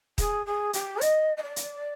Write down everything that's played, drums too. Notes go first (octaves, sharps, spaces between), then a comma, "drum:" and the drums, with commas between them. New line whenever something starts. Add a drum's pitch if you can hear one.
G#4, drum: kick D#1, hi-hat
G#4
G4, drum: hi-hat
D#5, drum: hi-hat
D#5
D5
drum: hi-hat